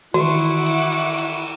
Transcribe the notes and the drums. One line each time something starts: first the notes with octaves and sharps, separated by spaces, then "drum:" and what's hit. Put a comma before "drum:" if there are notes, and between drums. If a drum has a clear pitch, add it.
D#3 E3 E4 F#4 F#5 C#6 D6, drum: cymbal
drum: cymbal
drum: cymbal
drum: cymbal